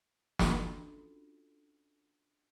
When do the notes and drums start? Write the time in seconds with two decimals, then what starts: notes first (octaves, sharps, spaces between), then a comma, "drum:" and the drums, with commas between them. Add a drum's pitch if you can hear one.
0.39 C#4 D4 F4 F#4 A4, drum: snare